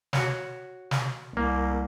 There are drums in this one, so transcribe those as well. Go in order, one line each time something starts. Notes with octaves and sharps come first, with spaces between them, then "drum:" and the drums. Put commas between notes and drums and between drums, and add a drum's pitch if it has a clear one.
F#4 C#5, drum: snare
drum: snare
C2 A#3